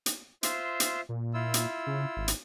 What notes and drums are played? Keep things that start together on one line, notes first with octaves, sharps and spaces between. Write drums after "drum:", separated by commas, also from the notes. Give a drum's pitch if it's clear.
drum: hi-hat
F4 C5 E5, drum: hi-hat
drum: hi-hat
A#2
E4 F4 E6
drum: hi-hat
C#3
G#1
drum: hi-hat